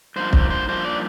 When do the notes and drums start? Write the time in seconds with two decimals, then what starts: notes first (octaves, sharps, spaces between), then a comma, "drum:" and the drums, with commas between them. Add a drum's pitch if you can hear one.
0.16 G2 F3 A#3 D#4 C5
0.33 C5, drum: kick
0.50 C5
0.68 G2 F3 A#3 D#4 C5
0.85 D5